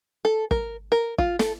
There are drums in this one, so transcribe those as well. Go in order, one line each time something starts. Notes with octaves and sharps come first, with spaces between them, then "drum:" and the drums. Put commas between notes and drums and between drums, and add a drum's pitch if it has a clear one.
A4
A#4, drum: kick
A#4
F4, drum: kick
A4, drum: snare